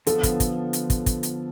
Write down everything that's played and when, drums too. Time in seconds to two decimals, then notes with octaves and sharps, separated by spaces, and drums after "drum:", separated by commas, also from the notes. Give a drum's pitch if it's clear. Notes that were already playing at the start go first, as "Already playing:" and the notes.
0.07 D3 F3 B3 A4, drum: hi-hat
0.23 drum: kick, hi-hat
0.40 drum: kick, hi-hat
0.73 drum: hi-hat
0.90 drum: kick, hi-hat
1.06 drum: kick, hi-hat
1.23 drum: hi-hat